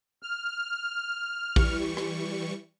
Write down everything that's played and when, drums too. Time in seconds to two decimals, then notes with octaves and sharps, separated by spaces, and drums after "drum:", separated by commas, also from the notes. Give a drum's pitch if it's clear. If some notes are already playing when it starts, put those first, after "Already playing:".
0.23 F6
1.56 E3 G3 C#6, drum: kick A#1
1.97 drum: rim click